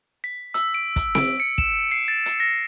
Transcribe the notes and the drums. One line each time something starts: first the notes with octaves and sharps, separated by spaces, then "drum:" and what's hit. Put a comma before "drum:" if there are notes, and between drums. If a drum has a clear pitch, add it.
B6
E6, drum: hi-hat
D7
drum: kick, hi-hat
D7, drum: snare C4
C#7
E7, drum: kick
C7
A6
drum: hi-hat
A#6